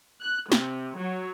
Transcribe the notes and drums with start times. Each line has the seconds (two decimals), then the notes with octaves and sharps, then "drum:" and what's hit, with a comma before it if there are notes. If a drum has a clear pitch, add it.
0.22 F#6
0.52 C3, drum: snare
0.99 F#3